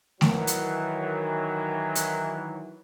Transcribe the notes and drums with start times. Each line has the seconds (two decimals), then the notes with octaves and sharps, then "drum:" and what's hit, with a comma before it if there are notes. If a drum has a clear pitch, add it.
0.21 D#3 E3 F#3, drum: snare A3
0.47 drum: hi-hat
1.96 drum: hi-hat